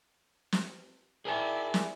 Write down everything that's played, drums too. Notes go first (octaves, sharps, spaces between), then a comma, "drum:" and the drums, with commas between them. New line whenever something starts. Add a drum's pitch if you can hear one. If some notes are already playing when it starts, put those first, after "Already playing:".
drum: snare
E4 G#4 A#4 D5 G#5
drum: snare